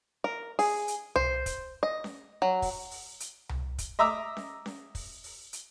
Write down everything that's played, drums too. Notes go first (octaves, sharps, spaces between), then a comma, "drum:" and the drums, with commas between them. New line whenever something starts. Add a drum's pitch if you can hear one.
A#4
G#4, drum: open hi-hat
drum: hi-hat
C5, drum: tom C2
drum: kick, hi-hat
D#5
drum: snare C#4
F#3
drum: kick, open hi-hat
drum: open hi-hat
drum: hi-hat
drum: tom C2
drum: kick, hi-hat
D#5 E5 A#5 D6 E6
drum: snare C#4
drum: snare C#4
drum: kick, open hi-hat
drum: open hi-hat
drum: hi-hat